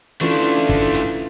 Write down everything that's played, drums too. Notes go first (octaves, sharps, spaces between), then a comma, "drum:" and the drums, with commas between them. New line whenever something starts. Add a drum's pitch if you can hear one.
E3 A3 C#4 D4 F4
drum: kick
drum: hi-hat